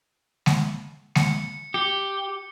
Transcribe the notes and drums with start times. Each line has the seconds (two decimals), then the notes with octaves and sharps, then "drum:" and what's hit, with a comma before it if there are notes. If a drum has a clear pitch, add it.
0.46 drum: snare G#3
1.15 C#7, drum: snare G#3
1.74 G4 C#7